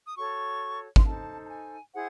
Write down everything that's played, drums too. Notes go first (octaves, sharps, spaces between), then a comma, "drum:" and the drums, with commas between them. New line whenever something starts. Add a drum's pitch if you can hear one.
D#6
F#4 A4 C#5 C#6
C6, drum: kick
D#4 A4 C5 A5
A5
G#5
E4 G#4 C5 F#5